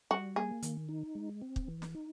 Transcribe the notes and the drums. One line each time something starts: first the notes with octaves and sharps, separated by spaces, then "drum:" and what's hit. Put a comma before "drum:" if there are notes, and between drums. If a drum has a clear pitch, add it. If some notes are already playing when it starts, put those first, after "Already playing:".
G3 F#4
A#3 G#4
D#3, drum: hi-hat
D#4
G#3
C4
drum: kick
E3
drum: snare
D#4